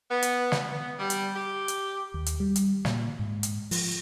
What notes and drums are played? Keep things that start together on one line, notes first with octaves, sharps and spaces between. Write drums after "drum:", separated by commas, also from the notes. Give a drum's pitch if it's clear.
B3
drum: hi-hat
drum: snare
B3
G3
drum: hi-hat
G4
drum: hi-hat
D#2
drum: hi-hat
G3
drum: hi-hat
A#2, drum: snare
G#2
drum: hi-hat
F3, drum: open hi-hat